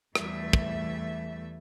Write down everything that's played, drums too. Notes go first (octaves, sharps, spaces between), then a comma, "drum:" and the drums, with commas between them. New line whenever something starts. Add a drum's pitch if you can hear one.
E2 E3 G3 A3 E5, drum: rim click
drum: kick